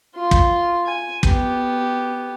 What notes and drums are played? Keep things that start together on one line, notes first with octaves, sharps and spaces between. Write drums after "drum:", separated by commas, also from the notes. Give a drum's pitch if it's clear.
F4 C6
drum: kick
G#5
B3 G4, drum: kick